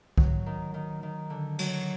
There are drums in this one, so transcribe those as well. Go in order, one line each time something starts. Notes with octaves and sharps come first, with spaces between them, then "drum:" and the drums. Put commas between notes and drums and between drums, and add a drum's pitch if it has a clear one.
F#3, drum: kick
D#3
D#3
D#3
D3
F#3, drum: cymbal